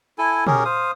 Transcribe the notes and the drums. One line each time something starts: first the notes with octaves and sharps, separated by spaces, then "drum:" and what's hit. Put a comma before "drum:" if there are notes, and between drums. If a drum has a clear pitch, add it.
E4 A4 G#5
C#4 G4 G#4 A#4, drum: tom
C5 F5 D#6